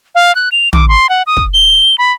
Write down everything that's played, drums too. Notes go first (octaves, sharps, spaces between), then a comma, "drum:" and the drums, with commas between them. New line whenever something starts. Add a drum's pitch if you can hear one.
F5
F#6
F7
D6, drum: tom
C6
F#5
D#6
drum: kick
G7
B5